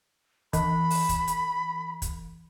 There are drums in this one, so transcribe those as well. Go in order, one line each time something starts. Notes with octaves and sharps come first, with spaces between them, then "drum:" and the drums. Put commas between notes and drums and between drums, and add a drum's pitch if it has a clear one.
E3 B5, drum: kick, hi-hat
drum: open hi-hat
drum: kick, hi-hat
drum: hi-hat
drum: kick, hi-hat